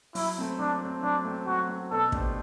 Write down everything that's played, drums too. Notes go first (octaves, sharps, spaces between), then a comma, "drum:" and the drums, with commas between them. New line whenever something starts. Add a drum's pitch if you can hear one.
F#3 E4, drum: open hi-hat
A3 C4
F#3 D4
A3 C4
F#3 D4
A3 C4
F#3 F#4
A3 C4
B2 A4
A3 D4 G4 C5, drum: kick